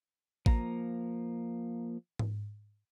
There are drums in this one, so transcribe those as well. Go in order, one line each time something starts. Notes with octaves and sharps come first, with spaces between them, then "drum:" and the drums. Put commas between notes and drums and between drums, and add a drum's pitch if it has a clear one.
F3 A#3 A#5, drum: kick A1
drum: tom G#2